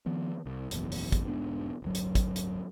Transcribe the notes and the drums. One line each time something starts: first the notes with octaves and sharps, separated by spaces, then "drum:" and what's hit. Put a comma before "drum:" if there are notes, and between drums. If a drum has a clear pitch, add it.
D#3 F3 B3
C2
F#1 B1 E2, drum: hi-hat
drum: open hi-hat
drum: kick, hi-hat
E1 G#2 B3 D4
D1 G1 F#3
drum: hi-hat
drum: kick, hi-hat
drum: hi-hat